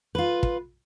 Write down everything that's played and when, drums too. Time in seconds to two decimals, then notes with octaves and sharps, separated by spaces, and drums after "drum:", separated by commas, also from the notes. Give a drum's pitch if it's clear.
0.15 F4 B4
0.43 drum: kick